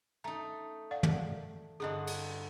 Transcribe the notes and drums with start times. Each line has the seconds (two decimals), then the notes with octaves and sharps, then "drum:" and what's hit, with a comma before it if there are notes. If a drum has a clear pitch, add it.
0.24 A3 D#4 A#5
0.91 D5 F5 F#5
1.03 drum: tom
1.80 G2 D3 D#4 G#4 D#5
2.07 drum: cymbal